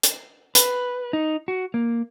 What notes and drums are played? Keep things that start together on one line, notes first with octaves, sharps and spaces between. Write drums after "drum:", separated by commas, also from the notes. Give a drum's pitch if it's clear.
drum: hi-hat
B4, drum: hi-hat
D#4
F#4
A#3